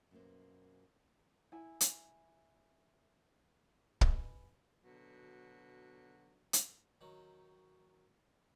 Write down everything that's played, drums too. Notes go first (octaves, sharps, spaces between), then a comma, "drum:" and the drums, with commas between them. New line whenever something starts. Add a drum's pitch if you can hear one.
F#2 B2 D#3 A#3 C5
E4 G#5
drum: hi-hat
B4 D#5 G#5 B5, drum: kick
B2 D3 F#3
drum: hi-hat
D#3 F#3